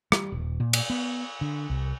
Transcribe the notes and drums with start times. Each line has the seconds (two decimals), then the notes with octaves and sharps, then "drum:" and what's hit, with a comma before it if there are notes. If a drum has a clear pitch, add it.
0.12 G3, drum: rim click
0.32 D#1
0.60 A#2
0.73 drum: cymbal
0.90 B3
1.41 D3
1.70 C2